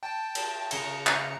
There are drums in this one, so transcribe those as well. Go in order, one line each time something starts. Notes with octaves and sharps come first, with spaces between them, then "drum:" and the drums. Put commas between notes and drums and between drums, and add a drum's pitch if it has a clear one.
G5 A5
drum: cymbal
C#3 A#5 C#7, drum: cymbal
drum: clap